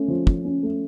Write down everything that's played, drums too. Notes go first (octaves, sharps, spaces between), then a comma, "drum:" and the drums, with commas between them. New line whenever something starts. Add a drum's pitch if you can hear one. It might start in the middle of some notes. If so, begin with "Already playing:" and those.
Already playing: A3 C#4
F3
F3, drum: kick
C#4
A3